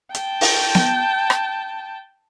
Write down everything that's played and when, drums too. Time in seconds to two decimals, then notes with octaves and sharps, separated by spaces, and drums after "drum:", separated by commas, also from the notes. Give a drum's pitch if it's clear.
0.15 G5 A5, drum: hi-hat
0.41 drum: open hi-hat
0.75 drum: snare B3
1.30 drum: rim click